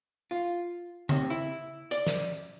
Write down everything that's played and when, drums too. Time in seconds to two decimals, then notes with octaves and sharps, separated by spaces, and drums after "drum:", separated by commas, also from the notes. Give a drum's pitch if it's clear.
0.31 F4
1.09 C3, drum: tom C#3
1.30 E4
1.91 D5, drum: hi-hat
2.07 drum: snare